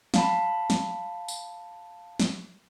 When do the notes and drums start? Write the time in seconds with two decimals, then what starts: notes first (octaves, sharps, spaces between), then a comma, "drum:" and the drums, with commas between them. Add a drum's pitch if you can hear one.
0.14 F5 A5 B5, drum: snare
0.70 drum: snare
1.28 drum: tambourine
2.20 drum: snare